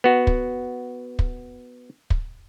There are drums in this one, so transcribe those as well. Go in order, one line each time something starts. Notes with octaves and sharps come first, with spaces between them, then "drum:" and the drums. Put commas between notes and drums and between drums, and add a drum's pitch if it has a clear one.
B3 F#4
drum: kick
drum: kick
drum: kick